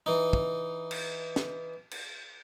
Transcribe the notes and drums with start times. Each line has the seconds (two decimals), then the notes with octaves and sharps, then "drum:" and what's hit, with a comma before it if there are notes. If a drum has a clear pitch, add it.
0.06 E3 D#4
0.33 drum: kick
0.91 drum: cymbal
1.36 drum: snare
1.91 drum: cymbal